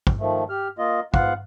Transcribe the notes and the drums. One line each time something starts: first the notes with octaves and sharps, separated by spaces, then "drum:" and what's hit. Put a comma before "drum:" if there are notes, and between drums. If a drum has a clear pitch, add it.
drum: kick
D#3 F3 A3
G4 F6
A#3 F4 D#5
G#2 B3 F4 F5 F#5 F#6, drum: kick